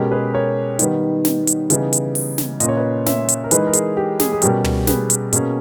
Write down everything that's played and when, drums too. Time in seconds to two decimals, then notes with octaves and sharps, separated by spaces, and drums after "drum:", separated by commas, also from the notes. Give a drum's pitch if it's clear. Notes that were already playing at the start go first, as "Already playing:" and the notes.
Already playing: B2 G#3 C#4 G4 A#4
0.11 G#4 B4
0.34 A#4 C#5
0.79 D#3 G3 B3, drum: hi-hat
1.25 drum: snare
1.47 drum: hi-hat
1.70 C#3 E3 G3 B3 D#4, drum: hi-hat
1.93 drum: hi-hat
2.15 drum: open hi-hat
2.38 drum: snare
2.60 A#2 A#3 C#4 D#5, drum: hi-hat
2.69 C#5
2.77 B4 D#5
3.06 C#5 E5, drum: snare
3.28 drum: hi-hat
3.44 A#4
3.51 E3 G#3 D#4 G#4 B4, drum: hi-hat
3.67 A#4
3.73 G#4, drum: hi-hat
3.97 G4
4.20 G#4, drum: snare
4.33 G#4
4.42 B2 G3 C#4 G4 A#4, drum: hi-hat
4.64 drum: tom
4.87 G#4 B4, drum: snare
5.10 drum: hi-hat
5.33 B2 A#3 C#4 G#4, drum: hi-hat